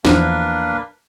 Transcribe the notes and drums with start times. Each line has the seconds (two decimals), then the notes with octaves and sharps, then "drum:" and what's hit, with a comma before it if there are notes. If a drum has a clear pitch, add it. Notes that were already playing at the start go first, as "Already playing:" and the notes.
0.05 E2 F3 A#3 D4 B4, drum: snare